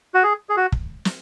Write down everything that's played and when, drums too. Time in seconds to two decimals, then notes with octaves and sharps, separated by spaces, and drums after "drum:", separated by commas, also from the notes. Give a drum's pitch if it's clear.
0.14 F#4
0.23 G#4
0.49 G#4
0.57 F#4
0.72 drum: kick
1.05 drum: snare